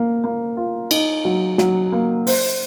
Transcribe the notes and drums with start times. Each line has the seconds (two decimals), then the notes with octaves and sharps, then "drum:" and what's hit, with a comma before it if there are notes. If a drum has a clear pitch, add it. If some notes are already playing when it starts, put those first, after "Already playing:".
Already playing: A#3
0.24 A#3
0.57 F4
0.91 D#4, drum: cymbal
1.25 F#3
1.58 F#3, drum: snare
1.92 A#3
2.27 C5, drum: open hi-hat